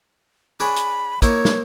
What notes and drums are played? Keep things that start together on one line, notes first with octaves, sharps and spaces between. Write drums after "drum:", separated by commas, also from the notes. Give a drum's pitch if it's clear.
D4 G#4 C#5 B5
drum: hi-hat
A#3 D#4 E4 C#5, drum: kick, hi-hat
drum: snare